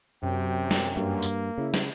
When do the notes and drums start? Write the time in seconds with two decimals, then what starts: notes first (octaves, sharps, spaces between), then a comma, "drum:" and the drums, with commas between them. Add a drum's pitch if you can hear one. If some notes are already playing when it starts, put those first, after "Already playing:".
0.23 F#2 C3 G5
0.71 drum: snare
0.97 G2 A#3
1.22 drum: tambourine
1.58 C#3 E4
1.74 drum: snare